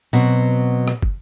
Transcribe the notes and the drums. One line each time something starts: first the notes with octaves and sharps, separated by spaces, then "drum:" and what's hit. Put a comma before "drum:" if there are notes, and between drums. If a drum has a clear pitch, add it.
B2 F#3 C4
drum: rim click
drum: kick